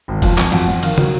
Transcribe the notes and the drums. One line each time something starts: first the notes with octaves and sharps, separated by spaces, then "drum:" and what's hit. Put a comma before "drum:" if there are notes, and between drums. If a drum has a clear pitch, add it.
G#1
F2 F4, drum: kick F1, cymbal
F2, drum: clap
F2 F#4, drum: cymbal
F2
D#3 F5, drum: cymbal
F#3, drum: tom